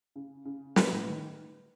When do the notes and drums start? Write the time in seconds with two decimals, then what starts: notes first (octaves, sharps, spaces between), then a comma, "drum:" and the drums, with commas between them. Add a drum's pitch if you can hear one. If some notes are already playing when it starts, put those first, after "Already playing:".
0.16 C#3
0.45 C#3
0.76 B2 B4, drum: snare
0.92 A2
1.08 D#3